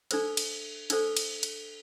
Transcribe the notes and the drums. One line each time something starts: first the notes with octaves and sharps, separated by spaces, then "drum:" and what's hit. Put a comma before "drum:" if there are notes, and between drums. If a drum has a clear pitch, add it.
D4 A4 C5 E6, drum: cymbal
drum: cymbal
D4 A4 C5 E6, drum: cymbal
drum: cymbal
drum: cymbal